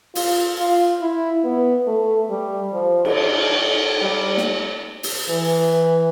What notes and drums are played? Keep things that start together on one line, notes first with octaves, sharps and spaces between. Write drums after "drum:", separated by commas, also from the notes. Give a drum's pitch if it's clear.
F4, drum: open hi-hat
F4
E4
B3
A3
G3
F3
drum: cymbal
G3
drum: snare
drum: open hi-hat
E3